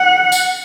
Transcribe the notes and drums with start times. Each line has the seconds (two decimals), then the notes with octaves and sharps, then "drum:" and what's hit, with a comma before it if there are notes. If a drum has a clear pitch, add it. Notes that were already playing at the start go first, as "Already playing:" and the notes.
Already playing: F#5
0.32 drum: tambourine